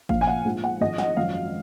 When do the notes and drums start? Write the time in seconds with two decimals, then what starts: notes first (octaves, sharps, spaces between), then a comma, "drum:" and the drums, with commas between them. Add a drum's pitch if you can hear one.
0.09 A#1 A#2 F3 F5, drum: kick G#1
0.21 G#5
0.27 F#5
0.45 A#1 G#2 F3
0.64 F#5
0.81 G#1 G#2 F3 D#5
0.98 F#5, drum: snare
1.17 G#1 F#2 F3 F5